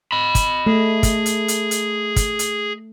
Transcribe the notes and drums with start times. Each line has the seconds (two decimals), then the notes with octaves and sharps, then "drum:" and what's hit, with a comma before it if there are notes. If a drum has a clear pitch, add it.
0.12 D#5 B5
0.35 drum: kick, hi-hat
0.66 A3 G#4
1.03 drum: kick, hi-hat
1.26 drum: hi-hat
1.48 drum: hi-hat
1.71 drum: hi-hat
2.16 drum: kick, hi-hat
2.39 drum: hi-hat